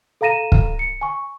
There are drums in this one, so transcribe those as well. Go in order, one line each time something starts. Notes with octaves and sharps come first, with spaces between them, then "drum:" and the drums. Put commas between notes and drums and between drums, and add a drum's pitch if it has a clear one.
A4 F5 A#5 A#6 D#7 E7
drum: kick
C#7
G#5 C#6